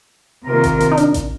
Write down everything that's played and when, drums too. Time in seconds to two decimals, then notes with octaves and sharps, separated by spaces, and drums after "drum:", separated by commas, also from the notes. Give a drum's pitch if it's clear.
0.47 C3 D#3 A#3 F4 A#4
0.64 drum: kick A1, hi-hat
0.80 drum: hi-hat
0.92 D#4
0.97 D4, drum: hi-hat
1.14 drum: kick A1, hi-hat